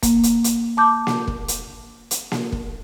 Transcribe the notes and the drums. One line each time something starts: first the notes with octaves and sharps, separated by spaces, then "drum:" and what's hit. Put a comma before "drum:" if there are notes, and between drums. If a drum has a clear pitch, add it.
A#3, drum: kick, hi-hat
drum: hi-hat
drum: hi-hat
A5 D6 G6
drum: snare A#3
drum: kick
drum: hi-hat
drum: hi-hat
drum: snare A#3
drum: kick